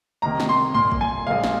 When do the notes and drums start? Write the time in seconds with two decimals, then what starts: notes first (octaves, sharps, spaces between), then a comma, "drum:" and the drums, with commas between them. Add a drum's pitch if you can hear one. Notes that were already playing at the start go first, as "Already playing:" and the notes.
0.22 C2 C3 D#3 A#3 A#5
0.40 drum: snare
0.49 C6
0.74 C2 A#2 A#3 C6, drum: tom G2
0.92 drum: kick
1.01 G#5
1.27 A#1 A#2 G#3 F5
1.44 drum: snare